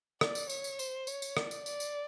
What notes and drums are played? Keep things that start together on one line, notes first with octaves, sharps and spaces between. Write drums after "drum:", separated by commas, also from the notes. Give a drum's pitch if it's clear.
D5, drum: rim click
drum: tambourine
C#5, drum: tambourine
drum: tambourine
C5, drum: tambourine
C#5, drum: tambourine
drum: tambourine
D5, drum: rim click
drum: tambourine
D5, drum: tambourine
drum: tambourine